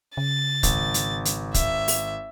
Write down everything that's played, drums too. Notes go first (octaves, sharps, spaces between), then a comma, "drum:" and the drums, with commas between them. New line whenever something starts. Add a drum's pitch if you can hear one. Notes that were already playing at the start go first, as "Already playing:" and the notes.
C#3 A6
G#1, drum: kick, hi-hat
drum: hi-hat
drum: hi-hat
E5, drum: kick, hi-hat
drum: open hi-hat